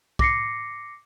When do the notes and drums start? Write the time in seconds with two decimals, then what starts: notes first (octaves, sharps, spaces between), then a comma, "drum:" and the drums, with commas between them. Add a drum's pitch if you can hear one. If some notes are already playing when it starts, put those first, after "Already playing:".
0.19 D6 A#6 C7 C#7, drum: kick